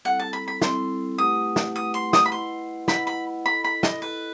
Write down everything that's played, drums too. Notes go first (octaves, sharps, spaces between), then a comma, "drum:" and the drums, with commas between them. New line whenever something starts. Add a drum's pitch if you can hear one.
G3 C4 E4 A4 F#5
A5
B5
B5
G3 C4 E4 A4 C6, drum: snare
A3 E4 G4 B4 F#5 D#6
drum: snare
A3 E4 G4 B4 F#5 D#6
C6
D#6, drum: snare
B5
E4 B4 D#5 F#5 C6
E4 B4 D#5 F#5 B5, drum: snare
B5
E4 A4 D#5 B5
B5
D#5, drum: snare
E4 A4 B4 D#5